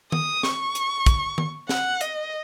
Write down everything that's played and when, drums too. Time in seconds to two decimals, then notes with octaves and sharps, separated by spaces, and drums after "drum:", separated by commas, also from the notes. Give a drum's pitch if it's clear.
0.12 D#6, drum: tom D#3
0.43 C#6, drum: snare
0.75 drum: hi-hat
1.06 drum: kick, hi-hat
1.38 drum: tom D#3
1.69 F#5, drum: snare
2.01 D#5, drum: hi-hat